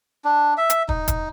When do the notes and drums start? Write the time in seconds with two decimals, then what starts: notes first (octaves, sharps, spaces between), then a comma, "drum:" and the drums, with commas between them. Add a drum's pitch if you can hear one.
0.25 D4
0.57 E5
0.70 drum: hi-hat
0.89 D#4, drum: kick
1.08 drum: kick, hi-hat